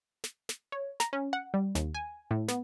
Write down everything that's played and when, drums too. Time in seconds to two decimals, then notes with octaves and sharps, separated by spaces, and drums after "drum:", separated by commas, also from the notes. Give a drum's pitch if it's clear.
0.24 drum: snare
0.49 drum: snare
0.72 C#5
1.00 A#5, drum: snare
1.13 C#4
1.33 F#5
1.54 G3
1.75 D#2, drum: snare
1.95 G#5
2.31 A2
2.48 B3, drum: snare